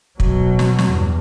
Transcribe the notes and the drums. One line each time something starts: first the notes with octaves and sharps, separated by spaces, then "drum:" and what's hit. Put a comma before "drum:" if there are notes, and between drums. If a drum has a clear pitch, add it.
B2 F#3, drum: kick
drum: snare
drum: snare
E2 G2